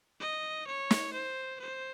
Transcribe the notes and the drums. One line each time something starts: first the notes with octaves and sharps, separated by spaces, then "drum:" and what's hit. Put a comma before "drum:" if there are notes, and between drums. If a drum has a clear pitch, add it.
D#5
C#5
drum: snare
C5
C5